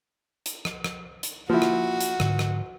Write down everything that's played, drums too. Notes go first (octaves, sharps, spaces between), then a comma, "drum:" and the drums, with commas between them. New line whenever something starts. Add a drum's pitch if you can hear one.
drum: hi-hat
drum: rim click
drum: rim click
drum: hi-hat
F3 A#3 E4 F#4
drum: rim click
drum: hi-hat
G#2 D3, drum: rim click
drum: rim click